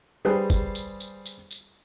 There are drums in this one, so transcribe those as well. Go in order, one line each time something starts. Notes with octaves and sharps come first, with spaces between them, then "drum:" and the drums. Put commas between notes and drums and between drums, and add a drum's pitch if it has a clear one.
G3 G#4 B4 C5
drum: kick, tambourine
drum: tambourine
drum: tambourine
drum: tambourine
drum: tambourine